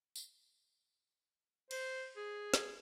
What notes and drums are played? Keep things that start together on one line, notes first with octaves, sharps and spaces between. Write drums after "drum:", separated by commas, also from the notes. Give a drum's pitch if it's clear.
drum: tambourine
C5, drum: cymbal
G#4
drum: snare